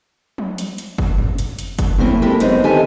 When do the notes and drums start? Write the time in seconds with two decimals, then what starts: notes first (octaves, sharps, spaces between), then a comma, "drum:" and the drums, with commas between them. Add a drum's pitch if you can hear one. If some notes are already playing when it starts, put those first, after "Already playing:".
0.38 drum: tom F3
0.58 drum: hi-hat
0.78 drum: hi-hat
0.98 drum: kick F#1
1.18 drum: tom F2
1.38 drum: hi-hat
1.59 drum: hi-hat
1.79 drum: kick F#1, hi-hat
1.99 A3 A#3 C4 C#4 E4, drum: tom F3
2.22 G#3 E4 G4 A4 A#4
2.40 F#2 G#3 B3 C4 D#4, drum: hi-hat
2.64 D3 D#3 G4 A4 E5 G#5